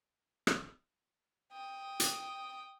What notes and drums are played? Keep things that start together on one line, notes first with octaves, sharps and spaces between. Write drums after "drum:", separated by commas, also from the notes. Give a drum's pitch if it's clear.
drum: rim click
G5 D#6
drum: hi-hat